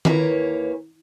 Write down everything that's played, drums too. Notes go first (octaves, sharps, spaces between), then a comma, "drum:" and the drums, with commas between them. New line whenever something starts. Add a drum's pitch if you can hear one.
D#2 E3 A#3 B4 C#5 A#5, drum: tom D#3